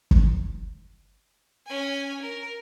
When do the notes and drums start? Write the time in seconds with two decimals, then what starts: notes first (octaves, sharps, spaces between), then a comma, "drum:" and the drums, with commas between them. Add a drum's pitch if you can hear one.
0.11 drum: kick
1.66 C#4 G#5
2.22 A#4